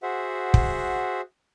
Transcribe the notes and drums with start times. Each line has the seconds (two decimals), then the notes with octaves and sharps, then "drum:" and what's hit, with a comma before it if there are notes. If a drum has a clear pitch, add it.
0.03 F#4 G#4 C5 E5 F#5
0.54 drum: kick